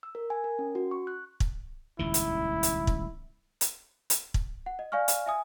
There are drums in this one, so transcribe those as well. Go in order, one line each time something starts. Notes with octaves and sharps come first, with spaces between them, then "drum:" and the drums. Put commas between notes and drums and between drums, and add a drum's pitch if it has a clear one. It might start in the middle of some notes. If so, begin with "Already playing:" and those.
E6
A#4
G#5
A#4
C#4
F#4
C#6
F#6
drum: kick
D#1 C#2 D#3 E4
drum: hi-hat
drum: hi-hat
drum: kick
drum: hi-hat
drum: hi-hat
drum: kick
F#5
D#5
D5 F5 G#5 C#6 F6
drum: hi-hat
E5 G#5 D#6